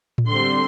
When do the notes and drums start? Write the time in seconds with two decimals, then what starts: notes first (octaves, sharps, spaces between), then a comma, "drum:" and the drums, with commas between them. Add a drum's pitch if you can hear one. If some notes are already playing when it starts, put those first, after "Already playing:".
0.18 drum: tom A2
0.28 D3 G3 C4 C6